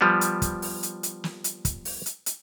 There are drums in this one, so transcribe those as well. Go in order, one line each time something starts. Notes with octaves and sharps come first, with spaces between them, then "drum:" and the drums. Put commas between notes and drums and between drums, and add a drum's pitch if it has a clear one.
F3 G3 B3
drum: hi-hat
drum: kick, hi-hat
drum: open hi-hat
drum: hi-hat
drum: hi-hat
drum: snare
drum: hi-hat
drum: kick, hi-hat
drum: open hi-hat
drum: hi-hat
drum: hi-hat